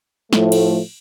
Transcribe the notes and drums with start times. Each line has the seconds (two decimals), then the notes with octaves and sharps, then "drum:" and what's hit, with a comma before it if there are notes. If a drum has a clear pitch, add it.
0.33 A2 F3 A3, drum: snare
0.52 drum: cymbal